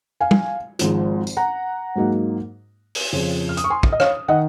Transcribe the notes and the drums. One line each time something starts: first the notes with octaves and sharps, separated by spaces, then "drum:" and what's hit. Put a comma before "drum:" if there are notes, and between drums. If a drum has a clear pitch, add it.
F5 G#5
drum: tom
G#1 G#2 F3, drum: hi-hat
drum: tambourine
F#5 A#5
G#2 F#3 A#3 D#4
drum: open hi-hat
F2 C#3 F3
F6
D#6, drum: hi-hat
C#6
G#5 C6
drum: kick
D#5
C#5 F5, drum: rim click
D#3 D#5 F#5